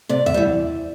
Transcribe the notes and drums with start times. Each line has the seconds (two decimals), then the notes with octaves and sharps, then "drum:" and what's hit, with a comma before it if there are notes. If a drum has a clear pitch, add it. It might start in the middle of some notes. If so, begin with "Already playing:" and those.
0.09 C3 D5
0.26 E5, drum: tom D#2
0.34 E3 G3